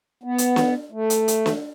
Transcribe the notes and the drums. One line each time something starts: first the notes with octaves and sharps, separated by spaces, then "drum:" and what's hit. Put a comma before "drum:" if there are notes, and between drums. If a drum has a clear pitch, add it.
B3
drum: hi-hat
drum: snare
A3
drum: hi-hat
drum: hi-hat
drum: snare